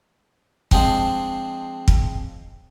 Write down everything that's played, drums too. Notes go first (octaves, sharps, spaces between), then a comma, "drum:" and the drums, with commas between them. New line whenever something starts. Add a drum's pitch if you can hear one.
F3 G#3 C4 D4, drum: kick
drum: kick